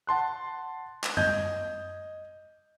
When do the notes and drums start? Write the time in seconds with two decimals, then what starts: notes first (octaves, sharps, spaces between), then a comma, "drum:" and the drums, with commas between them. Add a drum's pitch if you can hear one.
0.07 F#5 A5 C6 F#6
1.04 drum: clap
1.17 D#5 G6 G#6, drum: tom F#2